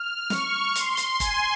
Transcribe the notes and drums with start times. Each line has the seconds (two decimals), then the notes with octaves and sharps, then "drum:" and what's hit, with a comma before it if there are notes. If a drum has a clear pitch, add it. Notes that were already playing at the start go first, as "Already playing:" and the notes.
Already playing: F6
0.30 C#6, drum: snare
0.75 C6, drum: hi-hat
0.97 drum: hi-hat
1.20 G#5, drum: kick, hi-hat